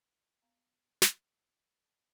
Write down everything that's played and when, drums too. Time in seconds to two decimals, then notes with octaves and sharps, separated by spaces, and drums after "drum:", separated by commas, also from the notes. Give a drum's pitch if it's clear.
0.42 B3 F5 A#5
1.02 drum: snare